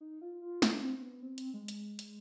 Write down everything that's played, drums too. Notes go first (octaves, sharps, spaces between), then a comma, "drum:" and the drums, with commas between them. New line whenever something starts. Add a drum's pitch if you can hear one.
D#4
F4
F4
D4, drum: snare
C4
C4
B3
C4
drum: hi-hat
G#3
drum: hi-hat
drum: hi-hat